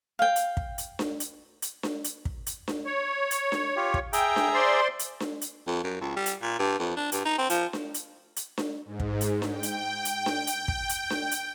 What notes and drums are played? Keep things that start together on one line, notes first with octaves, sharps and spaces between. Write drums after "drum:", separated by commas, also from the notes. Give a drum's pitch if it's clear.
F5 G5
drum: hi-hat
drum: kick
drum: hi-hat
drum: snare D4
drum: hi-hat
drum: hi-hat
drum: snare D4
drum: hi-hat
drum: kick
drum: hi-hat
drum: snare D4
C#5
drum: hi-hat
drum: snare D4
F4 G4
drum: kick
G#4 E5 G5 A#5, drum: hi-hat
drum: snare D4
C5 D5 C6
drum: hi-hat
drum: snare D4
drum: hi-hat
F2
F#2
C#2
G3
drum: hi-hat
A#2
G2
F2
D4
G2, drum: hi-hat
D#4
C4
F3, drum: hi-hat
drum: snare D4
drum: hi-hat
drum: hi-hat
drum: snare D4
G#2
drum: kick
drum: hi-hat
drum: snare D4
G5
drum: hi-hat
drum: hi-hat
drum: snare D4
drum: hi-hat
drum: kick
drum: hi-hat
drum: snare D4
drum: hi-hat